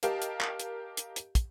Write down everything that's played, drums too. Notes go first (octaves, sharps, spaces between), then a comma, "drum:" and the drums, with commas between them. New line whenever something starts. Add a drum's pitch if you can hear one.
G4 A#4 D#5 F5 G5 A5, drum: hi-hat
drum: hi-hat
drum: clap
drum: hi-hat
drum: hi-hat
drum: hi-hat
drum: kick, hi-hat